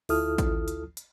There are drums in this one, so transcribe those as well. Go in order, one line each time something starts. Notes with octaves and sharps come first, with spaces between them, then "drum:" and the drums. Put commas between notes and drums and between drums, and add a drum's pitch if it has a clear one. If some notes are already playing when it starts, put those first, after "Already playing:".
D2 E4 F4 A4 D#6 F6, drum: open hi-hat
drum: kick A1, hi-hat
drum: hi-hat
drum: hi-hat